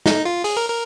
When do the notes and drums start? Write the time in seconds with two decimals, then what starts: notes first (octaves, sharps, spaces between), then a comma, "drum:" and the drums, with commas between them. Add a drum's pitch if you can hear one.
0.06 D#4, drum: snare
0.25 F4
0.44 G#4, drum: open hi-hat
0.57 A#4
0.69 A#4